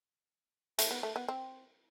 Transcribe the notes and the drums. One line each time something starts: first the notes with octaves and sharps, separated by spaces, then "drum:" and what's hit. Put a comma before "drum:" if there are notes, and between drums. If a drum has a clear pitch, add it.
A3, drum: hi-hat
B3
A3
B3
C4